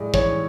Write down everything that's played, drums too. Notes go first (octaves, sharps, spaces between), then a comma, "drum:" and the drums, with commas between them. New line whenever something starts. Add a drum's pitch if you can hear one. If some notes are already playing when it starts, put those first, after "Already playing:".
Already playing: A2 G#3 D5
E3 C#5, drum: kick